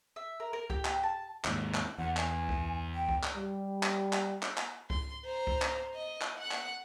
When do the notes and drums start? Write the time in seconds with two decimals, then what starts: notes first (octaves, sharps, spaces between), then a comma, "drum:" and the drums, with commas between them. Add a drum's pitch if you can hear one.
0.16 E5
0.40 A#4
0.53 A#4
0.70 G4, drum: kick C#2
0.85 drum: clap
1.03 A5
1.45 D#2 G#2, drum: clap
1.74 drum: clap
1.98 E2 F#5
2.17 G#5, drum: clap
2.49 drum: kick C#2
2.95 G5
3.09 drum: kick C#2
3.23 drum: clap
3.36 G3
3.83 drum: clap
4.13 drum: clap
4.43 drum: clap
4.58 drum: clap
4.90 C6, drum: kick C#2
5.25 C5 A#5
5.47 drum: kick C#2
5.62 drum: clap
5.95 D#5
6.22 drum: clap
6.39 F#5 F#6
6.51 drum: clap